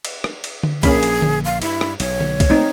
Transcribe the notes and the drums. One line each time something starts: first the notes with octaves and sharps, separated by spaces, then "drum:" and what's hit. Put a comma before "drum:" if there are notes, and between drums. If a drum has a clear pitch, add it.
drum: cymbal
drum: rim click
drum: cymbal
drum: tom D3
A#1 A#3 C#4 G#4 B5, drum: kick C2, cymbal
drum: cymbal
drum: tom D3
F5
G2 E4, drum: cymbal
drum: rim click
B1 C#5, drum: cymbal
drum: tom D3
drum: kick C2, cymbal
A3 A#3 C4 D#4